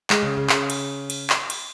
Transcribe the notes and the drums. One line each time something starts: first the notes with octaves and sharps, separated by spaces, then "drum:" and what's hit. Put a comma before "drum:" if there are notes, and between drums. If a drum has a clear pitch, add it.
G#3, drum: clap
C#3
C#3
C#3, drum: clap
drum: cymbal
drum: cymbal
drum: clap
drum: cymbal